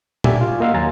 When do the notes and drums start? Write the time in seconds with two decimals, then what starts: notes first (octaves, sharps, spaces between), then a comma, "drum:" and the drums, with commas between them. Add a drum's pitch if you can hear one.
0.24 F#4 G4 D5 E5 G#5, drum: tom A#2
0.41 F4
0.60 A#3 D#5 F5 F#5 C6 E6
0.74 D#2 F#3 G#5 A#5 A6